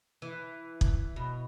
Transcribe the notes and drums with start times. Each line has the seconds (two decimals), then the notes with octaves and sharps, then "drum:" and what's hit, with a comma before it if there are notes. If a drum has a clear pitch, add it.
0.22 E3
0.81 drum: kick
1.16 B2